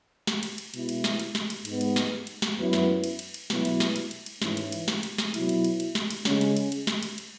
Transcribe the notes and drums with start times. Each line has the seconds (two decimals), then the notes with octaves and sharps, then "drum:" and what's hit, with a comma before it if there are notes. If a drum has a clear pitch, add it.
0.27 drum: snare
0.43 drum: cymbal
0.58 drum: cymbal
0.74 B2 G#3 E4, drum: cymbal
0.89 drum: cymbal
1.04 drum: snare
1.19 drum: cymbal
1.35 drum: snare
1.50 drum: cymbal
1.65 G#2 G#3 B3, drum: cymbal
1.81 drum: cymbal
1.96 drum: snare
2.27 drum: cymbal
2.42 drum: snare
2.58 F#2 F#3 B3 E4
2.73 drum: snare
3.04 drum: cymbal
3.19 drum: cymbal
3.34 drum: cymbal
3.50 B2 F#3 B3 E4, drum: snare
3.65 drum: cymbal
3.80 drum: snare
3.96 drum: cymbal
4.11 drum: cymbal
4.26 drum: cymbal
4.42 G#2 E3 C#4 E4, drum: snare
4.57 drum: cymbal
4.72 drum: cymbal
4.88 drum: snare
5.03 drum: cymbal
5.18 drum: snare
5.34 B2 F#3 E4, drum: cymbal
5.49 drum: cymbal
5.64 drum: cymbal
5.80 drum: cymbal
5.95 drum: snare
6.11 drum: cymbal
6.25 C#3 G#3 C#4, drum: snare
6.41 drum: cymbal
6.57 drum: cymbal
6.72 drum: cymbal
6.87 drum: snare
7.03 drum: cymbal
7.18 drum: cymbal